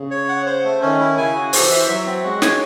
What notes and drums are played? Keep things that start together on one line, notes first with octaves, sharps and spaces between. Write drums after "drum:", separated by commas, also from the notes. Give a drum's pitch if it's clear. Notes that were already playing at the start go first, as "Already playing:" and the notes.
Already playing: C#3
C#5
F#5
C5
A3
D#3 C#4
E4
C#3 G#5
F#4
E3 C5, drum: open hi-hat
E5
F#3 E5
C4
G#3 F#4
C#5, drum: snare